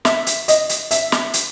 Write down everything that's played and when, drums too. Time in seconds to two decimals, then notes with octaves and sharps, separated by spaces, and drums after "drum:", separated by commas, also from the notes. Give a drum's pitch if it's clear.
0.05 E5, drum: snare
0.27 drum: hi-hat
0.48 D#5, drum: hi-hat
0.69 drum: hi-hat
0.91 E5, drum: hi-hat
1.12 drum: snare
1.34 drum: hi-hat